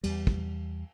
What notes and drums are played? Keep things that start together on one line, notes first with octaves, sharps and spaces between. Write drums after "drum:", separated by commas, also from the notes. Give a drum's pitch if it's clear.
E2 G3, drum: cymbal
drum: kick